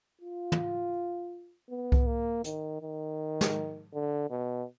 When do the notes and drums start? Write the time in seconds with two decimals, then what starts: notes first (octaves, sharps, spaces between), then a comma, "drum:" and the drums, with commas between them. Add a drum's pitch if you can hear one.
0.21 F4
0.52 drum: tom
1.70 B3
1.92 drum: kick C2
2.07 A#3
2.44 D#3, drum: hi-hat
2.82 D#3
3.41 drum: snare
3.93 D3
4.30 B2